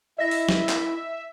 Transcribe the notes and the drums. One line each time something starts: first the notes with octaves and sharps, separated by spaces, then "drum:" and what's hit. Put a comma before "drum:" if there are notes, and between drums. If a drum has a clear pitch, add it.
E4 D#5 E5 A#6
drum: open hi-hat
drum: snare
drum: clap